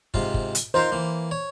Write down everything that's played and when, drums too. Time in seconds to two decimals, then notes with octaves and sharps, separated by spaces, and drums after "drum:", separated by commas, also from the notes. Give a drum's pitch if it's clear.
0.14 G#2 C3 F4, drum: kick
0.34 drum: kick
0.55 drum: hi-hat
0.74 D#4 F4 A#4 C5
0.92 E3 A#3
1.31 C#5